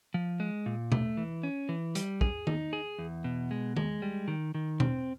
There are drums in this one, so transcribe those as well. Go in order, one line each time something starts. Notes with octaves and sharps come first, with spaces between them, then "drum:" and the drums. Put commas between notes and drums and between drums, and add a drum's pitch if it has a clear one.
F3
G#3
A#2
A3, drum: tom B2
E3
C#4
E3
G3, drum: hi-hat
G#4, drum: kick
D#4, drum: tom D#3
G#4
E2
B2
G#3
G#3, drum: tom D#3
G3
D#3
D#3
C4, drum: tom B2